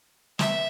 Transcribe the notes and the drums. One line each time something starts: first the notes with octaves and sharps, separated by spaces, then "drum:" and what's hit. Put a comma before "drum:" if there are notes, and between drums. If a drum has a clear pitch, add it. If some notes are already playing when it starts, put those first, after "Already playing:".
E5, drum: snare